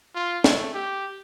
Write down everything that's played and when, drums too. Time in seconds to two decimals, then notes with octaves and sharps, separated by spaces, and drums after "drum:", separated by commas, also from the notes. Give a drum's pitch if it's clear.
0.15 F4
0.44 A3, drum: snare
0.74 G4